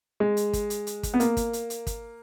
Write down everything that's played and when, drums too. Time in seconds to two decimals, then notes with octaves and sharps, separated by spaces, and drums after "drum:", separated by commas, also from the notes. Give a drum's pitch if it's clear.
0.20 G#3
0.37 drum: hi-hat
0.53 drum: kick, hi-hat
0.70 drum: hi-hat
0.87 drum: hi-hat
1.03 drum: kick, hi-hat
1.14 B3
1.20 A#3, drum: hi-hat
1.37 drum: kick, hi-hat
1.53 drum: hi-hat
1.70 drum: hi-hat
1.87 drum: kick, hi-hat